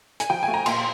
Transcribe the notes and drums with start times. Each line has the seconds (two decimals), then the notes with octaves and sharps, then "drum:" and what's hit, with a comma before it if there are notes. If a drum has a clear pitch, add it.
0.20 G#5, drum: hi-hat
0.30 F3 G5
0.43 G#5
0.48 A3
0.54 A#5
0.66 A#2 C6, drum: cymbal